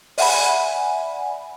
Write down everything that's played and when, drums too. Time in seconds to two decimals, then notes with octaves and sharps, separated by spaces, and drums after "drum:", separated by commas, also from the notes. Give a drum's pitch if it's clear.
0.18 D5 E5 F#5 G#5 B5, drum: open hi-hat